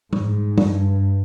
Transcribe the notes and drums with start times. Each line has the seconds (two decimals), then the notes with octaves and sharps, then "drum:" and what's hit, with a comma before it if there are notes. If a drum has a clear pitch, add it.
0.13 G#2, drum: tom G3
0.58 G2, drum: tom G3